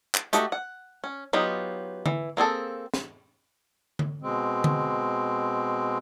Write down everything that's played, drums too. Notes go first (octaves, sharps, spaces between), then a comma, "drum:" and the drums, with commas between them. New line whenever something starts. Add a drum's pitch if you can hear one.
drum: clap
A3 D#4 F#4 G4, drum: hi-hat
F#5
C#4
F#3 B3 D#4 F4 G4
E3, drum: tom D3
A#3 C4 G#4 A4
drum: snare
drum: tom D3
B2 G#3 C4
drum: tom D3